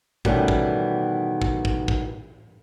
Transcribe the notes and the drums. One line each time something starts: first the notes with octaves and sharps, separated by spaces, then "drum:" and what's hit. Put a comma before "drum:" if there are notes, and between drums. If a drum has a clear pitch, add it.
B2 D#3 E3 G3 A3 C#4, drum: kick
drum: kick
drum: kick
drum: kick
drum: kick